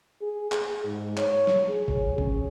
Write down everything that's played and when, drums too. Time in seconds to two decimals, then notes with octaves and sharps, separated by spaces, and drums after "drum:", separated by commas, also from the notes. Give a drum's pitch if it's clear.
0.22 G#4
0.52 G#4, drum: clap
0.84 G#2
1.17 C#5, drum: clap
1.47 drum: snare F#3
1.69 G#4
1.88 drum: kick
2.18 C#4, drum: kick